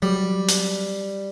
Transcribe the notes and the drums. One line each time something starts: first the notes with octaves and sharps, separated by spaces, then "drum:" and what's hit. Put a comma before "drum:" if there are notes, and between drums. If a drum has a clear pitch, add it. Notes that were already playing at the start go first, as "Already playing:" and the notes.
F#3 G3
drum: hi-hat